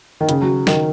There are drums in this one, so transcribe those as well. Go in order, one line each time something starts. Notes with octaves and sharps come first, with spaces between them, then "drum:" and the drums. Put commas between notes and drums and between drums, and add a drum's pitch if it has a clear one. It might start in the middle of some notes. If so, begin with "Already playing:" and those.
D#3
C#3, drum: hi-hat
F#3
D#3, drum: snare